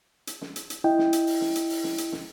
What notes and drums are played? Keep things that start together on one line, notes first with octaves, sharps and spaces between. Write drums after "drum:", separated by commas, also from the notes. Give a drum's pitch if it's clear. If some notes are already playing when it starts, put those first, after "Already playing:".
drum: hi-hat
drum: snare
drum: hi-hat
drum: hi-hat
E4 D#5 G5
drum: snare
drum: hi-hat
drum: open hi-hat
drum: snare
drum: hi-hat
drum: open hi-hat
drum: snare
drum: hi-hat
drum: snare